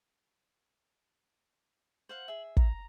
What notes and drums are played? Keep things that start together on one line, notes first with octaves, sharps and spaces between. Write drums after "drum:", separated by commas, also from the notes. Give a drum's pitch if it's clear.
C5 F5 F#5 F#7
G#4 E5
A#5, drum: kick